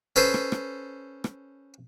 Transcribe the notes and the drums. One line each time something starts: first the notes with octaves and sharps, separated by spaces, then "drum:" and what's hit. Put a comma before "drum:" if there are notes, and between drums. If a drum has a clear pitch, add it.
C#4 A4 B4 C5
drum: rim click
drum: rim click
drum: rim click